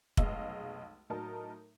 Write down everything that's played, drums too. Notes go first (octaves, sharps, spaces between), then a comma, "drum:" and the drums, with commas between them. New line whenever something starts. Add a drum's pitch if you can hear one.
F1 B1 G#3 D#5 F5 E6, drum: kick
A2 F#3 D#4 A#4 A5